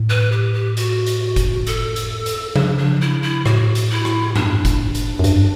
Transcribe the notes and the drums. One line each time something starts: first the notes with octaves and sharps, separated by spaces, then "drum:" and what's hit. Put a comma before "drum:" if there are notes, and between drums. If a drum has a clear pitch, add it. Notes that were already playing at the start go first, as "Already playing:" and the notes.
Already playing: A2
B4
G4
G4
F#4, drum: hi-hat
drum: hi-hat
drum: kick, hi-hat
A4, drum: hi-hat
drum: hi-hat
drum: hi-hat
C#3 D4, drum: tom F3
D4
E4
E4
A2 F#4, drum: rim click
drum: hi-hat
E4
drum: rim click
D4, drum: tom G2
drum: kick, hi-hat
drum: hi-hat
F#2
G2, drum: hi-hat